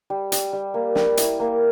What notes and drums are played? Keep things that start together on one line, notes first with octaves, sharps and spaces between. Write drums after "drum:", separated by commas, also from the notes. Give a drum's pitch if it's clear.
G3
G3, drum: hi-hat
G3
A#3
G3, drum: snare
E4, drum: hi-hat
A#3